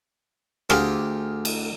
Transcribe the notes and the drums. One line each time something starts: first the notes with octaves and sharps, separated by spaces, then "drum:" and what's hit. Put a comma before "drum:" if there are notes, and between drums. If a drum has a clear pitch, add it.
D2 F4 G4 G#4 D6, drum: rim click
drum: cymbal